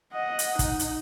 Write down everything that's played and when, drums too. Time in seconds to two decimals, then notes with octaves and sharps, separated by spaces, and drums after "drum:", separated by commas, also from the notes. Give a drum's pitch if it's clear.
0.13 D#5 F#5
0.39 drum: hi-hat
0.59 D#4, drum: kick, hi-hat
0.79 drum: hi-hat